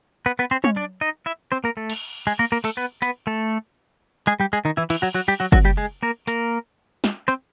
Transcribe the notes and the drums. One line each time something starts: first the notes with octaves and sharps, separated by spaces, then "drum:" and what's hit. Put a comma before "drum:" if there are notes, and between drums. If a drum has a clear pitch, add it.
B3 B4
B3 B4
C4 C5
C#4 C#5, drum: tom
D4 D5
D#4 D#5
E4 E5
C4 C5
A#3 A#4
A3 A4
drum: cymbal
G#3 G#4
A#3 A#4
A#3 A#4
A3 A4, drum: open hi-hat
B3 B4
B3 B4, drum: hi-hat
A3 A4
G#3 G#4
G3 G4
G#3 G#4
D#3 D#4
E3 E4
E3 E4, drum: cymbal
F#3 F#4
F#3 F#4
G3 G4
F#3 F#4
F#3 F#4, drum: kick F#1
G3 G4
G#3 G#4
A#3 A#4
A#3 A#4, drum: hi-hat
drum: snare
C4 C5, drum: hi-hat